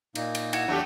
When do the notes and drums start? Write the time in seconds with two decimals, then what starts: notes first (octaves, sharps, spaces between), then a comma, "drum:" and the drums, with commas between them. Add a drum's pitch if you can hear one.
0.15 A#2 A#3 D#4, drum: cymbal
0.35 drum: cymbal
0.53 E4 F#4, drum: cymbal
0.68 E2 F#3 A3 D4 G4